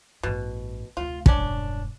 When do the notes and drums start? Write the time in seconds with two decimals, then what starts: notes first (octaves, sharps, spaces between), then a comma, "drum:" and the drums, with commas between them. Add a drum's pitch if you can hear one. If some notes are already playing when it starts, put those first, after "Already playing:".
0.23 A1 G2 B2
0.97 F1 D2 F4
1.26 E1 G2 C#4 D4, drum: kick